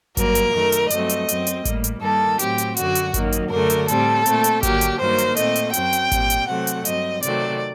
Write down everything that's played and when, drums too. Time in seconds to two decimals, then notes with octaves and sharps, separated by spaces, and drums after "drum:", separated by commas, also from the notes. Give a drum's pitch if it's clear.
0.17 G2 F#3 A#3 A#4, drum: kick G#1, hi-hat
0.35 drum: hi-hat
0.54 F#2 D#3 A3
0.72 drum: hi-hat
0.90 G2 F#3 A3 C4 D#5, drum: hi-hat
1.09 drum: hi-hat
1.29 F#2 F#3 C4, drum: hi-hat
1.47 drum: hi-hat
1.65 A2 G3 A#3, drum: kick G#1, hi-hat
1.84 drum: hi-hat
2.02 G2 D#3 G3 A#3 A4
2.39 A2 F#3 C4 G4, drum: hi-hat
2.58 drum: hi-hat
2.77 F#2 D3 F#3 F#4, drum: hi-hat
2.95 drum: hi-hat
3.14 F#2 D#3 F#3 A#3, drum: kick G#1, hi-hat
3.32 drum: hi-hat
3.51 F#2 D3 A3 A#4
3.70 drum: hi-hat
3.88 A2 G3 C4 A4, drum: hi-hat
4.26 A#2 A3 C4, drum: hi-hat
4.44 drum: hi-hat
4.63 D3 F#3 A#3 G4, drum: kick G#1, hi-hat
4.81 drum: hi-hat
4.99 G2 D#3 F#3 A#3 C5
5.18 drum: hi-hat
5.37 A#2 A3 C4 D#5, drum: hi-hat
5.55 drum: hi-hat
5.73 F#2 F#3 C4 G5, drum: hi-hat
5.93 drum: hi-hat
6.12 A#2 G3 C4, drum: kick G#1, hi-hat
6.30 drum: hi-hat
6.48 C3 F#3 A3 C4 F#5
6.67 drum: hi-hat
6.85 G2 F#3 C4 D#5, drum: hi-hat
7.23 C3 D#3 F#3 A3 C4 D5, drum: hi-hat